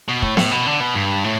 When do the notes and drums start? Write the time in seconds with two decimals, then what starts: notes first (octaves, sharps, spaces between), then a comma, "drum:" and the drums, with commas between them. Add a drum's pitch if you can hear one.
0.08 B2
0.22 A2, drum: kick
0.37 A2, drum: snare B3
0.51 B2
0.67 D3
0.81 B2
0.95 G2
1.24 A2